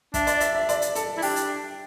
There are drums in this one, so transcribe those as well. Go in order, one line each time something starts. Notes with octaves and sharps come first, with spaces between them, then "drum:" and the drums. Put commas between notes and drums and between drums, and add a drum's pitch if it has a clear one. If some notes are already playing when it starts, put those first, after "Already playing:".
D4 E5, drum: kick, hi-hat
D5, drum: hi-hat
E5, drum: hi-hat
E5
D5, drum: hi-hat
drum: hi-hat
A4, drum: hi-hat
E4
D4 G4, drum: open hi-hat
drum: hi-hat